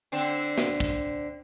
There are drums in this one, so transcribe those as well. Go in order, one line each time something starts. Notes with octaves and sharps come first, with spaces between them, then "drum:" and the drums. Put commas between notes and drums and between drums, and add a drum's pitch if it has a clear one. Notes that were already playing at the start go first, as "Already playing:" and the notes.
D3 C4 D4
drum: snare
drum: kick